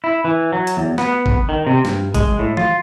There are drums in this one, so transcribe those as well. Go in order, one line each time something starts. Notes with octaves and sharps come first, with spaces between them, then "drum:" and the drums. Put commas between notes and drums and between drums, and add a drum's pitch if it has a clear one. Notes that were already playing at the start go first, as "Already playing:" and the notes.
E4
E3
F#3
drum: hi-hat
E2
B3, drum: snare
drum: kick
D#3
C3
G2, drum: snare
G#3, drum: kick, hi-hat
A2
F4, drum: tom E3